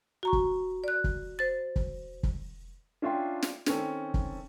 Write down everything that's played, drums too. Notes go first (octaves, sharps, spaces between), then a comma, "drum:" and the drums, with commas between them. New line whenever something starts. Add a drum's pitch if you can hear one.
F#4 A#5 C#6
drum: kick
D5 F#6
drum: kick
C5 A6
drum: kick
drum: kick
C#4 D4 F4 E5 G5 C6
drum: snare
D#3 C4 C#4 A4, drum: snare
drum: kick